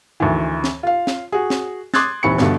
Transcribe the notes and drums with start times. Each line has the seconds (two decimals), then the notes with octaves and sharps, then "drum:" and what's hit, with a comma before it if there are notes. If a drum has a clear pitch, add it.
0.20 D2 D#3 E3
0.64 drum: snare
0.83 F4 F5
1.07 drum: snare
1.32 F#4 G#4
1.50 drum: snare
1.94 C6 D6 D#6 F#6 G#6 A6, drum: snare
2.23 D#1 E3 C4 B5 C#6 C#7
2.38 G1 G2 B2 D3, drum: snare